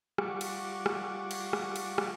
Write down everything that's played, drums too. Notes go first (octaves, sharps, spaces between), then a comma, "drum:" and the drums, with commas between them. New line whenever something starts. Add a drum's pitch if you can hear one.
G3 F4 F#5 C#6 D6, drum: rim click
drum: cymbal
drum: rim click
drum: cymbal
drum: rim click
drum: cymbal
drum: rim click